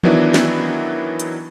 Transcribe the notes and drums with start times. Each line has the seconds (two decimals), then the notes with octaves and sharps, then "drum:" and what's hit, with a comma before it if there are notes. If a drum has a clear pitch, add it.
0.03 D#3 E3 F#3 B3 D4 E4, drum: tom E3
0.34 drum: snare
1.19 drum: hi-hat